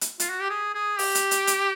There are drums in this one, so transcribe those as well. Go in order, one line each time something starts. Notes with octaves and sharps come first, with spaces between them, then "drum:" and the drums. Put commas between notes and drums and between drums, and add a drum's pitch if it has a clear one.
drum: hi-hat
F4, drum: hi-hat
F#4
G4
G#4
G#4
G4, drum: open hi-hat
drum: hi-hat
drum: hi-hat
drum: hi-hat